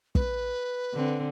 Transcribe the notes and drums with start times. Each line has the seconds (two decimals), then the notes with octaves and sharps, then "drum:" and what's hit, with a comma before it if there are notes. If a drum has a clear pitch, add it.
0.15 B4, drum: kick
0.94 D3 C4